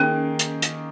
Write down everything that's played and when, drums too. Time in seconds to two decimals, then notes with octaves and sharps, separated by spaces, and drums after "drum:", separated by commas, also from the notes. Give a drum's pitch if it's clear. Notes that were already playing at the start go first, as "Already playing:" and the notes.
Already playing: D#3 A#3 C#4 D#4 G#4
0.39 drum: hi-hat
0.62 drum: hi-hat